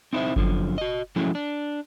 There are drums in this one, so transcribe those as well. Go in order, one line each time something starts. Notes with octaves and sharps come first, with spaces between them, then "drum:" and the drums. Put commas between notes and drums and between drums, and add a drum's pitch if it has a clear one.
C4 D#4 E4 B4 C5 E5
F#2 D3 F3, drum: kick G1
F#4 D#5
F3 F#3 G#3 A3 C#4 E4
D4